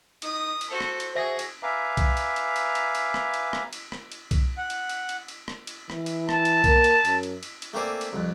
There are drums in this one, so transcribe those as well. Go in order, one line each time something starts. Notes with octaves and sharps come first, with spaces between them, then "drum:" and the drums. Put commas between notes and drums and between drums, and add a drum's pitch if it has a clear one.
D#4 D#6, drum: cymbal
drum: cymbal
F#4 A4 C5
drum: rim click
drum: cymbal
F#4 G#4 C5 E5 A#6
drum: cymbal
B4 E5 F5 G#5 A#5 D6
drum: kick B1, cymbal
drum: cymbal
drum: cymbal
drum: cymbal
drum: cymbal
drum: cymbal
drum: rim click
drum: cymbal
drum: rim click
drum: cymbal
drum: rim click
drum: cymbal
drum: kick B1, cymbal
F#5
drum: cymbal
drum: cymbal
drum: cymbal
drum: cymbal
drum: rim click
drum: cymbal
E3, drum: rim click
drum: cymbal
A5, drum: rim click
drum: cymbal
A#3, drum: kick B1, cymbal
drum: cymbal
F#2, drum: cymbal
drum: cymbal
drum: cymbal
drum: cymbal
A3 A#3 C4 C5 D5 G#5
drum: cymbal
C2 F2